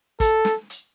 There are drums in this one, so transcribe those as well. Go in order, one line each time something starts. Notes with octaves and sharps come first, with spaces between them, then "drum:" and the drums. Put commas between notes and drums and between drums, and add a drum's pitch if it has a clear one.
A4, drum: kick, hi-hat
drum: snare
drum: hi-hat